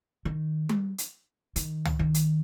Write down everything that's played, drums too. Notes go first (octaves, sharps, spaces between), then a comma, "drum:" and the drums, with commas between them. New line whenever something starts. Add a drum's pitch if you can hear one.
D#3
drum: tom G3
drum: hi-hat
D#3, drum: hi-hat
drum: tom
D#3
drum: hi-hat